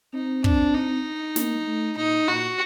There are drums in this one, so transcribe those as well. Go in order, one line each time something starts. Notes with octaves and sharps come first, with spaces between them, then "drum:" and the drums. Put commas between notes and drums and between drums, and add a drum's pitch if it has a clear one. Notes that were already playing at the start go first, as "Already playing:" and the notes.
C4 D#4
D4, drum: kick
D#4
A#3, drum: snare
A3
A#2 D#4
A#2 F#4